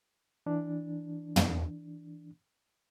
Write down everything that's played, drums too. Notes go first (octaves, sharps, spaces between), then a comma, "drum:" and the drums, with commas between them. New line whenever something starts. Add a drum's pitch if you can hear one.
E3 D4
drum: tom